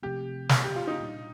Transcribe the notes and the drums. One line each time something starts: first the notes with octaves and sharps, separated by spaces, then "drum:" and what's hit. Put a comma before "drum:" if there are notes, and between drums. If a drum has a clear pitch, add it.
C3 F3 A3 C4 G4
drum: snare
G4
F4
D#4
A#2 G3 D4